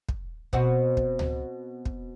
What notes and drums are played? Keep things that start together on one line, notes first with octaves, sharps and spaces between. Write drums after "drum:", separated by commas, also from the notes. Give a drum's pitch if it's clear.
drum: kick
B2 C4 F#4, drum: kick
drum: kick
drum: tom C#2
drum: kick